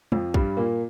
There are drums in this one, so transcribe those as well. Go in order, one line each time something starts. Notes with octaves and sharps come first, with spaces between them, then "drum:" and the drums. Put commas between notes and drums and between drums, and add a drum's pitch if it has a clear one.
F2 F3, drum: tom
G2 G3, drum: kick
A#2 A#3